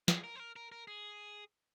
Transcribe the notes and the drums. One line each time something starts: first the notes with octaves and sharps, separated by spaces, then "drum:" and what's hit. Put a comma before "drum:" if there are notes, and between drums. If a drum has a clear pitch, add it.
G#4, drum: snare
A#4
C5
A#4
A#4
A#4
G#4